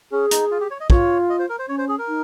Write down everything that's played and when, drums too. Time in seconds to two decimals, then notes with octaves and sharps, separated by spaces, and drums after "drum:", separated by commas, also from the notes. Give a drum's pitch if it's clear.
0.12 C#4 G#4
0.31 D#4, drum: hi-hat
0.51 F4
0.61 G4
0.71 C#5
0.81 D#5
0.90 F4 C#5, drum: kick
1.30 D#5
1.39 C5
1.49 A#4
1.59 C5
1.68 C#4 C#5
1.78 C5
1.89 G#4
1.98 A#4
2.08 D#4